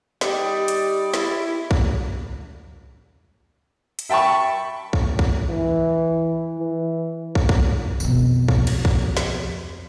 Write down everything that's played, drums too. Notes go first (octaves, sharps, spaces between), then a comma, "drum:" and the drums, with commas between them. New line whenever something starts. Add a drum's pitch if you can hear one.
G3 D#4 G4 D5, drum: snare
drum: hi-hat
E4, drum: snare
drum: kick
drum: hi-hat
E5 G5 A5 B5 C#6
drum: kick
drum: kick
E3
E3
drum: kick
drum: kick
F2 B2, drum: tambourine
drum: kick
drum: cymbal
drum: kick
drum: snare